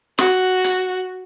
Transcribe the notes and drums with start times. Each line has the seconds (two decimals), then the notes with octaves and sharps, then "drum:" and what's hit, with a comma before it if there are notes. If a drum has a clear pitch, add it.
0.18 F#4, drum: snare
0.64 drum: hi-hat